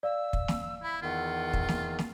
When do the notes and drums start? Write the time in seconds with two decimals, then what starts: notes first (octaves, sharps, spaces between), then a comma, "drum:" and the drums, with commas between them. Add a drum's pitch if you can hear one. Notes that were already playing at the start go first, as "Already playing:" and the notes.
0.03 D5 F5 E6
0.33 drum: kick
0.48 drum: snare
0.83 E4 B5
1.02 E2 D#3 F4 F#5
1.53 drum: kick
1.69 drum: snare
1.99 drum: snare